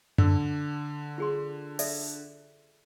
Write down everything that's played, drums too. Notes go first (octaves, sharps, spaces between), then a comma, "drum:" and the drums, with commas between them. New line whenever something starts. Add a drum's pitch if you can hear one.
D3 E6, drum: tom F#2
F4 G#4 C6
A4 D5 E5, drum: open hi-hat